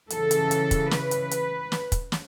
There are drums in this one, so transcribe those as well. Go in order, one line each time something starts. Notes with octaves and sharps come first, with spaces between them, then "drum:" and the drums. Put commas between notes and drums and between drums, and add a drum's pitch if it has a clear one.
C#3 E3 A4, drum: hi-hat
drum: hi-hat
drum: hi-hat
drum: kick, hi-hat
B4, drum: snare
drum: hi-hat
drum: hi-hat
drum: snare
drum: kick, hi-hat
drum: snare